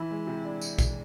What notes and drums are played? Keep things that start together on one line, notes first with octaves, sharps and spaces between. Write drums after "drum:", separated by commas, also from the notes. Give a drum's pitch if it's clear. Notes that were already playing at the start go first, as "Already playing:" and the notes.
Already playing: E3 E4
G#3
C3
D4
drum: tambourine
drum: kick, tambourine